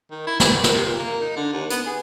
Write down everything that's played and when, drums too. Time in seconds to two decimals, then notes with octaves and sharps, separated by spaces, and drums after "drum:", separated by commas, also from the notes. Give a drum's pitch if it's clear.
0.11 D#3
0.27 E4
0.40 G3, drum: snare
0.51 D#3
0.64 drum: snare
0.74 C3
0.85 A#2
0.99 A#3
1.21 D#4
1.36 D3
1.52 D#2
1.70 B3, drum: hi-hat
1.86 G#4